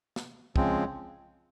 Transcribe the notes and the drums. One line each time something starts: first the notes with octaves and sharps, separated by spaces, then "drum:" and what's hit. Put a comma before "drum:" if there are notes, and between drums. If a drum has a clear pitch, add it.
drum: snare
C#3 F3 G#3 C4, drum: kick